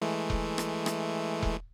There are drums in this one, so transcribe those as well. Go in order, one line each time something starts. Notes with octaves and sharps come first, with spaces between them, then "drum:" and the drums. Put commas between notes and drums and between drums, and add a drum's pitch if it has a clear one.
E3 G#3 A3
drum: kick E1
drum: rim click
drum: rim click
drum: kick E1